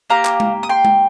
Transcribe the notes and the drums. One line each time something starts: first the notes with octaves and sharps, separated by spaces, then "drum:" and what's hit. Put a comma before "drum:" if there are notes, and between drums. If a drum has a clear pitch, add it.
A#3 G4 F5 A#5
drum: clap
drum: tom G#3
D#6
G5 C6
drum: tom G#3